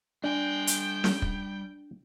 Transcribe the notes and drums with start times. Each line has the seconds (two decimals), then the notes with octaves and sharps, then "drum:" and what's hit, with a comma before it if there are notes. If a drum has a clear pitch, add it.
0.24 G3 D4 G5 G#5
0.67 drum: hi-hat
1.04 drum: snare
1.22 drum: kick